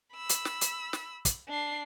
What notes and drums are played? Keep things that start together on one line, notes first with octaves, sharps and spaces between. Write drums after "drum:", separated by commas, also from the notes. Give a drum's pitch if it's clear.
B5 E6
drum: hi-hat
drum: snare
drum: hi-hat
drum: snare
drum: kick, hi-hat
D4 C7